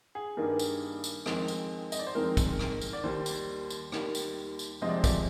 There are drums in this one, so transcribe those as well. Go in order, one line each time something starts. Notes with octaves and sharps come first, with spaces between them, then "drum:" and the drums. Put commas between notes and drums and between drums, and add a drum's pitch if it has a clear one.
G#4
G2 D#3 A#3 D4
drum: tambourine
drum: tambourine
F2 D#3 G#3 C4, drum: rim click
drum: tambourine
D#5, drum: tambourine
D5
C5
F2 D#3 G#3 C4 A#4
drum: kick, tambourine
drum: rim click
drum: tambourine
D5
D#2 D#3 G3 C5
drum: tambourine
drum: tambourine
D#2 D#3 G3, drum: rim click
drum: tambourine
drum: tambourine
F2 C3 F3 G#3 C4 D#5
D5
C5
D5, drum: kick, tambourine